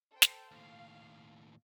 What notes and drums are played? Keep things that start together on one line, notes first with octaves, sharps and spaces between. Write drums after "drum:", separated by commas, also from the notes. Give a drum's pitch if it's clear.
A4 C5 G5
drum: snare
D#2 A2 F5